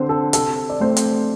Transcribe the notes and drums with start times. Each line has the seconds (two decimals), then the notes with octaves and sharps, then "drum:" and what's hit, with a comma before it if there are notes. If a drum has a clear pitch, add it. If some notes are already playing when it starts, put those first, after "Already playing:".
Already playing: D3 C4 C5
0.09 A4
0.33 C3 A4, drum: hi-hat
0.69 D5
0.80 A3 C4 C5
0.97 drum: hi-hat